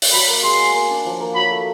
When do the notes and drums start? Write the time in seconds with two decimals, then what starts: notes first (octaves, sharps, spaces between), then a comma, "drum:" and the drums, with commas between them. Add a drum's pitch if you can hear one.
0.02 drum: open hi-hat
0.13 F#3 B5
0.28 A#3
0.43 G#3 C6
0.58 B3
0.74 A#3
0.89 D4
1.05 F3
1.20 A#3
1.35 F#3 B5
1.51 A3